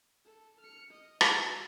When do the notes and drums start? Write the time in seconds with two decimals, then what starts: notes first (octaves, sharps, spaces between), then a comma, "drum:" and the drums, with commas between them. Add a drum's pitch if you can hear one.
0.25 A4
0.60 F6 C#7
0.90 D#5
1.21 drum: rim click
1.36 F#4 E6